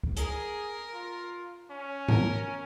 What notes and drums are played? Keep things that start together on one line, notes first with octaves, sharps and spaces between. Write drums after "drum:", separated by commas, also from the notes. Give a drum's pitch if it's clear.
drum: kick
G#4 A#4, drum: hi-hat
F4
C#4
A#4, drum: tom G#2